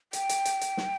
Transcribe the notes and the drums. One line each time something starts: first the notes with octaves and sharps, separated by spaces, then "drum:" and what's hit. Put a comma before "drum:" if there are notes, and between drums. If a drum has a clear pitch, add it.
G5, drum: hi-hat
drum: hi-hat
drum: hi-hat
drum: hi-hat
drum: snare